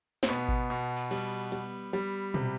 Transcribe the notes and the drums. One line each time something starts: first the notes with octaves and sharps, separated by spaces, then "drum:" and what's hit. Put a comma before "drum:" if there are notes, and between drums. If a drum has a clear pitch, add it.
C4, drum: snare
B2 B3
drum: kick G#1
B2
drum: open hi-hat
G3, drum: cymbal
G3, drum: hi-hat
G3
C3, drum: tom A#2